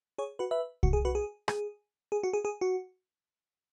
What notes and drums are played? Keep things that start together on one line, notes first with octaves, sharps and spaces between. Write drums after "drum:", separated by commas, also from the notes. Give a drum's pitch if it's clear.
G#4 C#5
F#4 B4
B4 E5
F#4, drum: kick C2
G#4
F#4 B4
G#4
G#4, drum: rim click
G#4
F#4
G#4
G#4
F#4